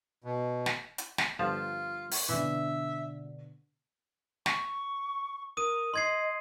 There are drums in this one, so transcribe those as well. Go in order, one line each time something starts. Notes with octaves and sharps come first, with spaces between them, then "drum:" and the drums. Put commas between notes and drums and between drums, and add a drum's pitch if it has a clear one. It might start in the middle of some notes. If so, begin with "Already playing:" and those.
B2
drum: snare
drum: hi-hat
drum: snare
G1 F3 F4 A5
drum: open hi-hat
B2 D3 E3 E5
C#6, drum: snare
A#4 D#6 D#7
D#5 C6 G#6 C7